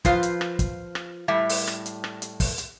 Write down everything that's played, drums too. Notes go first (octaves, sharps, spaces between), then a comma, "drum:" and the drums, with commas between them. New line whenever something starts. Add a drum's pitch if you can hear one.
F3 F4 B4 C5, drum: kick, hi-hat
drum: hi-hat
drum: rim click
drum: kick, hi-hat
drum: rim click
A2 G3 E5
drum: open hi-hat
drum: rim click
drum: hi-hat
drum: rim click
drum: hi-hat
drum: kick, open hi-hat
drum: hi-hat